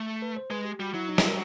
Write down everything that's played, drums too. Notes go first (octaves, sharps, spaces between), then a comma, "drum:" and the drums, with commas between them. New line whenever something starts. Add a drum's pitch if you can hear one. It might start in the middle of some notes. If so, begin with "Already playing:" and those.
Already playing: A3
B4
C5
G#3 B4
G4
G3 F#4
F#3 E4
D#4
E4, drum: snare
A#4